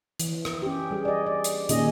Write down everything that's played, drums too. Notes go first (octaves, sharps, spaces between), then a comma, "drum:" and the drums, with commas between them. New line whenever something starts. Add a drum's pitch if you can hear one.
E3, drum: hi-hat
drum: rim click
C#4 G4
G3 G#4
D5 D#5
D5
drum: hi-hat
A#2 D#3 C#4 G#4 D#5, drum: hi-hat